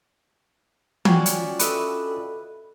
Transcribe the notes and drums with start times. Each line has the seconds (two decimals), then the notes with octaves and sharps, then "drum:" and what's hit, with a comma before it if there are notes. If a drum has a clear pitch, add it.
1.05 C#4 D4 F4 F#4 F5 G5 G#5, drum: tom E3
1.26 drum: hi-hat
1.59 A4 B4 D#5 E5, drum: hi-hat